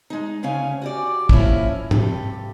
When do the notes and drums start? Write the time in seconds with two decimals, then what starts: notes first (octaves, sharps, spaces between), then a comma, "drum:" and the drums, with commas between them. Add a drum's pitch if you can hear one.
0.10 G#3 D#4
0.43 D2 C#3 C#4 F5 G#5
0.82 F#4 G4 D5
1.29 F3 A#3 C#4 E4, drum: kick
1.91 G2 C3 G4 A4, drum: tom G#2